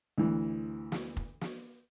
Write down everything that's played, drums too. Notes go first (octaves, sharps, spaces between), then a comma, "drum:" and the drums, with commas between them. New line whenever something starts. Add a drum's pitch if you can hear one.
D2 E3
drum: snare
drum: kick F1
drum: snare